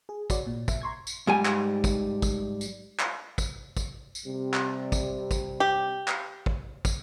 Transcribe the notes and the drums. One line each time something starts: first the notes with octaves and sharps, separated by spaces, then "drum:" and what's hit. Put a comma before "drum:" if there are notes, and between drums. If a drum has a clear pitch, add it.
G#4
F#4 C#5 D5, drum: kick, tambourine
A#2
E5, drum: kick, tambourine
A#5 C6 C#6 G#6
drum: tambourine
G#2 G3 G#5
drum: clap
drum: kick, tambourine
drum: kick, tambourine
drum: tambourine
drum: clap
drum: kick, tambourine
drum: kick, tambourine
drum: tambourine
C3 G3
drum: clap
drum: kick, tambourine
drum: kick, tambourine
G4
drum: clap
drum: kick
drum: kick, tambourine